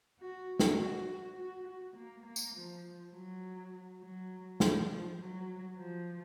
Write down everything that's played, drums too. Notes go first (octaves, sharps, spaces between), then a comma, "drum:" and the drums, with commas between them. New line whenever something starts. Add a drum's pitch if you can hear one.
F#4
drum: snare
F#4
F#4
F#4
F#4
A#3
A#3
drum: tambourine
F3
F#3
F#3
F3, drum: snare
F3
F#3
F3